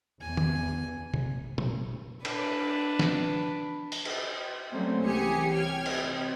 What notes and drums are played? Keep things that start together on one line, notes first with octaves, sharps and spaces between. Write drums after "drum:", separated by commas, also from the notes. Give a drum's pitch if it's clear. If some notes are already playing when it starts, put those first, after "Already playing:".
E2 G#5
drum: tom D#3
drum: tom C3
drum: tom A#2
D4 B4, drum: cymbal
drum: snare
drum: open hi-hat
drum: cymbal
F#3 G3 A3 A#3 C4 C#4
C2 E3 G4 G#4 G#5 C#7
C#5 G5 F6 G#6
drum: cymbal
C3